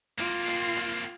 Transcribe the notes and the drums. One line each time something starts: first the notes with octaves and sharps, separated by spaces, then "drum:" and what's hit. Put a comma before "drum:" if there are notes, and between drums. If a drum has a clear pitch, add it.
A#3 C4 F4, drum: hi-hat
drum: hi-hat
drum: hi-hat